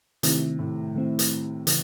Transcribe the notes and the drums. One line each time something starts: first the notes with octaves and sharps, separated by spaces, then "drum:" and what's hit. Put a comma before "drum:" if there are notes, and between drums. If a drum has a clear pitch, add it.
C3 D#3 A3 C4 E4, drum: hi-hat
A2
D#3 A3 C4 E4
drum: hi-hat
C#3 E3, drum: hi-hat